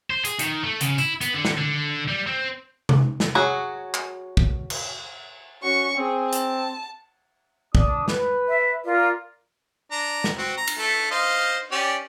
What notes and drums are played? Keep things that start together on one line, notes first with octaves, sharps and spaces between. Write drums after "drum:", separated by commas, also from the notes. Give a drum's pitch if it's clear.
C5
G#4, drum: hi-hat
D#3, drum: hi-hat
A3
C#3, drum: hi-hat
E4, drum: tambourine
B3, drum: hi-hat
D3
drum: snare
D3
G3
C4
drum: tom C3
drum: snare
F#3 F#4 G#4
drum: clap
drum: kick
drum: cymbal
C#4 F#4 C#6
C4 G#4
A5, drum: hi-hat
D4 D#6, drum: kick
B4, drum: snare
E5
F4 A#4 D5
D4 A#5
drum: snare
C4 F#4
A#5
drum: cymbal
A3 A4
C5 D#5 F5
C#4 G4 D5